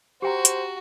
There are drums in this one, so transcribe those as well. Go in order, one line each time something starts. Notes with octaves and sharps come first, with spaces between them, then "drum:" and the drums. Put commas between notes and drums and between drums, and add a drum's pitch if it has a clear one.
F#4 G4 C5 G5 A#5
drum: hi-hat